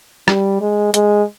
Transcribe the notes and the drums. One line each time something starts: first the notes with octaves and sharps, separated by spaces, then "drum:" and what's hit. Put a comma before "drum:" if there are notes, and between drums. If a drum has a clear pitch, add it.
G3, drum: rim click
G#3
G#3, drum: hi-hat